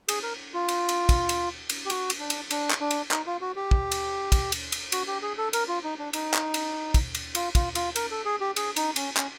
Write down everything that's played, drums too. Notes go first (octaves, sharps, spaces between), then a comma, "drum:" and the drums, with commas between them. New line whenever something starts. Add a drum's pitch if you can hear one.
G#4, drum: cymbal
A#4
F4
drum: cymbal
drum: cymbal
drum: kick, cymbal
drum: cymbal
drum: cymbal
G4
F#4, drum: cymbal
drum: cymbal
D4
drum: cymbal
D4, drum: cymbal
drum: clap
D4
drum: cymbal
D#4, drum: clap
F4
F#4
G4
drum: kick
drum: cymbal
drum: kick, cymbal
drum: cymbal
drum: cymbal
F#4, drum: cymbal
G4
G#4
A4
A#4, drum: cymbal
F4
D#4
D4
D#4, drum: cymbal
drum: clap
drum: cymbal
drum: kick, cymbal
drum: cymbal
F4, drum: cymbal
F4, drum: kick, cymbal
F4, drum: cymbal
A#4, drum: cymbal
A4
G#4
G4
G#4, drum: cymbal
D#4, drum: cymbal
C#4, drum: cymbal
C#4, drum: clap